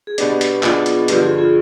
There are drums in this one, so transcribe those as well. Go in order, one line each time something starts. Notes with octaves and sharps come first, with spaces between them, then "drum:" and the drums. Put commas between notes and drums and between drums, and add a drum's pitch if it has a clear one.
G#4
B2 B3 D4 G4 B4, drum: hi-hat
drum: hi-hat
B2 B3 D4 F4 G#4, drum: clap
drum: hi-hat
G2 D3 F3 G4 B4, drum: hi-hat
F4 G#4
F4 G#4